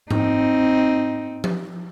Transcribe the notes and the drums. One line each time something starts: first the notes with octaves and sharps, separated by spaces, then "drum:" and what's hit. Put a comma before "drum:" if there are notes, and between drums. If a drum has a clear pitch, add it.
C4 D#4, drum: tom G#2
drum: tom F3